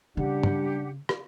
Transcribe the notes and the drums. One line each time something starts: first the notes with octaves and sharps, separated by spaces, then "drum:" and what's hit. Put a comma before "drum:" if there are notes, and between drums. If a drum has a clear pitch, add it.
C#3 G3 D4 G4 F#5
drum: tom
drum: rim click